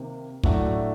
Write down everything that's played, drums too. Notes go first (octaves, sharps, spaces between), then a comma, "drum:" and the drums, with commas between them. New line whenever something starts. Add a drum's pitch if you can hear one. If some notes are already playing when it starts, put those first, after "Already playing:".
Already playing: C3 D#3 A#3
A2 F#3 A3 D4 F#4, drum: kick